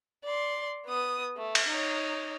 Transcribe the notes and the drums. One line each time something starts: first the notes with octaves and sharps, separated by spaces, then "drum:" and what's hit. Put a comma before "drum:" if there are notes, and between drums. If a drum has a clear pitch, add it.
D5 C6
B3 D#6
A3
drum: cymbal
D#4 C#5